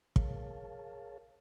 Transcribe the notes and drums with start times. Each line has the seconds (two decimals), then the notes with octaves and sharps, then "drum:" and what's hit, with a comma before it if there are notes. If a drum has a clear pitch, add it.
0.16 G#4 A#4 C#5 F5 A5, drum: kick